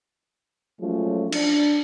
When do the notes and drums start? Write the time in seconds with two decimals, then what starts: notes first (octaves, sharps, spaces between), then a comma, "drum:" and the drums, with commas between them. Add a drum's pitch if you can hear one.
0.80 F3 F#3 G#3 A3 C#4 F4
1.33 D4, drum: cymbal